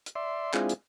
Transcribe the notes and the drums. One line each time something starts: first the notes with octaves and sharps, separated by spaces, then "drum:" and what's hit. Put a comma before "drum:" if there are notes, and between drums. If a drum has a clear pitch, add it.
drum: hi-hat
D5 E5 C6
G#3 C4 D4 E4 F4 G#4, drum: clap
drum: hi-hat